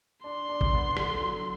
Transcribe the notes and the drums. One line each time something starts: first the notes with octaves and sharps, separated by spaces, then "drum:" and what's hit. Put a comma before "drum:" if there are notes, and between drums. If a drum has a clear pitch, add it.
D4 C6
D4
drum: kick
B3
D3, drum: rim click
F#3